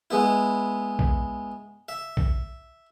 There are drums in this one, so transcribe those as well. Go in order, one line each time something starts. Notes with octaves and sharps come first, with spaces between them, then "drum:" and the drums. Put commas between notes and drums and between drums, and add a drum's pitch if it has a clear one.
G#3 B3 E4
drum: kick A#1
E5
drum: kick A#1